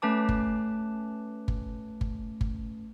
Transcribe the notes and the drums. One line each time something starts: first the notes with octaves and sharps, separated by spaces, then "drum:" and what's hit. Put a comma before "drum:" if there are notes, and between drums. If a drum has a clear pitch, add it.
A3 C#4 B4 A5 D6
drum: kick G1
drum: kick G1
drum: kick G1
drum: kick G1